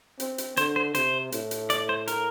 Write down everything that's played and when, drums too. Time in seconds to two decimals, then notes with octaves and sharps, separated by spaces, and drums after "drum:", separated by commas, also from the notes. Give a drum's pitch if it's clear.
0.20 C4, drum: hi-hat
0.38 drum: hi-hat
0.57 D3 C5, drum: hi-hat
0.76 C5
0.95 C3 C5, drum: hi-hat
1.32 A2, drum: hi-hat
1.51 drum: hi-hat
1.70 D5, drum: hi-hat
1.89 C5
2.08 A#4, drum: hi-hat